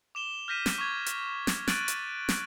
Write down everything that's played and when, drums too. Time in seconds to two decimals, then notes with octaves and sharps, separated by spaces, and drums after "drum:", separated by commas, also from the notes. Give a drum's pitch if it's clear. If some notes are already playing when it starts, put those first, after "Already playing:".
0.15 D6 E7 G7
0.48 F6 G6 A#6 B6 D#7 E7
0.66 drum: snare
0.78 C#6 D6 G#6
1.06 drum: hi-hat
1.47 drum: snare
1.67 F#6 A6 D7 D#7 F#7, drum: snare
1.88 drum: hi-hat
2.29 drum: snare